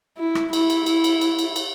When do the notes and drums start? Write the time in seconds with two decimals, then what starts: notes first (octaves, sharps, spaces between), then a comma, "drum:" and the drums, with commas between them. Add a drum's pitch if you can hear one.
0.18 E4
0.35 drum: rim click
0.53 E4, drum: cymbal
0.70 drum: cymbal
0.86 E4, drum: cymbal
1.04 drum: cymbal
1.21 drum: cymbal
1.39 drum: cymbal
1.56 drum: cymbal